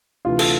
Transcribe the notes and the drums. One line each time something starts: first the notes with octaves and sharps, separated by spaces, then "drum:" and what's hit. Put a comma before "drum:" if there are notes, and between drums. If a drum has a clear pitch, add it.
D2 C3 E3 F4
A4, drum: cymbal